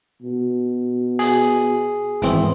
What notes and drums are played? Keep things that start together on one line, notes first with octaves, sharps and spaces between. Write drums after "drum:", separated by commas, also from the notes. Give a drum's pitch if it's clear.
B2
G#4, drum: open hi-hat
G#1 E3 C4, drum: hi-hat